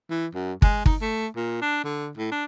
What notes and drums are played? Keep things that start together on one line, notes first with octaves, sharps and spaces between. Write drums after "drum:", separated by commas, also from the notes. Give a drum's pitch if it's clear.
E3
F#2
G#3, drum: kick G1
D#4, drum: kick G1
A3
A#2
D4
D3
A2
D4